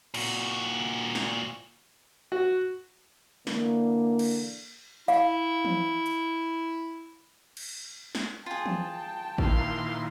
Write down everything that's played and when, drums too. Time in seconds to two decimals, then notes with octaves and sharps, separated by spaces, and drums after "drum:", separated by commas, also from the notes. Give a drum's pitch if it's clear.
0.14 A#2 F#4, drum: cymbal
1.15 drum: snare
2.32 F#4
3.47 D3 E3 A#3, drum: snare
4.19 drum: cymbal
5.08 E4 F5, drum: hi-hat
5.65 drum: tom E3
6.06 drum: hi-hat
7.57 drum: cymbal
8.15 drum: snare
8.46 F4 G#4 G5 A5
8.66 drum: tom E3
9.38 A#2 D#3 E3 F5 C6, drum: kick